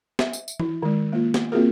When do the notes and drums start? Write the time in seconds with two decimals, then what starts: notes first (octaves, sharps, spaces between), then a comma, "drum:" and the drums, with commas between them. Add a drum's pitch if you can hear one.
0.19 E5, drum: snare
0.33 drum: tambourine
0.48 drum: tambourine
0.60 E4, drum: tom E3
0.82 D#3 G#3
1.13 A#3 F4
1.34 drum: snare
1.52 A#3 C4 F4 F#4 G#4 A#4